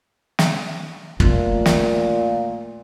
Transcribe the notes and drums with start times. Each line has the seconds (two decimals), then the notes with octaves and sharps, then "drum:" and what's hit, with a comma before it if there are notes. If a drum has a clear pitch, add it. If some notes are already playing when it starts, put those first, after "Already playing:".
0.39 drum: snare
1.20 A#2 A3 F4, drum: kick
1.66 drum: snare